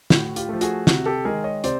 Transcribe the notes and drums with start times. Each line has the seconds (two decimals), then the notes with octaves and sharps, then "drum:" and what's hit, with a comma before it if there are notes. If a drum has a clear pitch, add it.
0.10 A2 F#4, drum: snare
0.36 F4 G4, drum: hi-hat
0.49 F3 A3
0.61 F#4 G#4, drum: hi-hat
0.87 C3 F#4, drum: snare
1.06 G4 A4
1.25 D#3 G#3 G#4 A#4
1.44 C#5 D#5
1.64 C3 C5 D5, drum: hi-hat